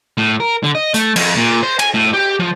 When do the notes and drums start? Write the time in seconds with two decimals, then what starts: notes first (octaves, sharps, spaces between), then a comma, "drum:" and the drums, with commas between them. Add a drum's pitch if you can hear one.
0.18 A2
0.40 A#4
0.64 D3
0.75 D#5
0.94 A3, drum: hi-hat
1.16 F2, drum: cymbal
1.37 A#2
1.63 C5
1.79 G#5, drum: cymbal
1.94 A2
2.13 G4
2.40 F3